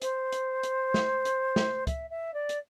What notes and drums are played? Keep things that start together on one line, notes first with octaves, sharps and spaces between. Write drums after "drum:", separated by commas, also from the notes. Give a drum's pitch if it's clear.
C5, drum: hi-hat
drum: hi-hat
drum: hi-hat
drum: snare
drum: hi-hat
drum: snare
E5, drum: kick, hi-hat
E5
D5
drum: hi-hat